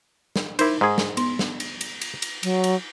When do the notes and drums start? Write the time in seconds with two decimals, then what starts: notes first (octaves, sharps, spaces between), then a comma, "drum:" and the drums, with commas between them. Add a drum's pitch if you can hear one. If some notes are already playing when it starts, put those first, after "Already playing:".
0.36 drum: snare
0.59 D#4 E4 A#4 C5 D6, drum: cymbal
0.81 G#2 G#4
0.98 drum: snare
1.17 B3 C6, drum: cymbal
1.39 drum: snare
1.60 drum: cymbal
1.81 drum: cymbal
2.01 drum: cymbal
2.22 drum: cymbal
2.43 F#3, drum: cymbal
2.64 drum: cymbal